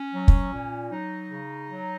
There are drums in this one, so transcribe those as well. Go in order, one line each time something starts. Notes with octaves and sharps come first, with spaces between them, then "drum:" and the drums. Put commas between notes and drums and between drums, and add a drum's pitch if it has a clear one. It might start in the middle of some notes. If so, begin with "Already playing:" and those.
Already playing: C#4
F#3
drum: kick
A#2
F#3 D#4
C#3
F#3